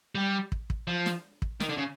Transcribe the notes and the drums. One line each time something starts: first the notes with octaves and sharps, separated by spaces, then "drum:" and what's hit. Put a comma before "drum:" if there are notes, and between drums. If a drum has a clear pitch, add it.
G3
drum: kick
drum: kick
F3
drum: snare
drum: kick
D#3, drum: snare
D3
C#3